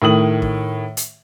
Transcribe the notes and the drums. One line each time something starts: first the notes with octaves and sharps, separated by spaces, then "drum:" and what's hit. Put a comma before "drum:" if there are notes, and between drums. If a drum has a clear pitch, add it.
A2 D#3 D#6 F#7
drum: kick
drum: hi-hat